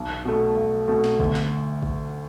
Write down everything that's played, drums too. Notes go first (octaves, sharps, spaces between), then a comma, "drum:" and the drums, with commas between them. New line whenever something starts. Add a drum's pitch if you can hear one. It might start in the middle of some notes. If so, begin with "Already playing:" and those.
Already playing: B1
B2 A3
B1
B2 A3
drum: snare
D2, drum: kick
drum: snare
drum: kick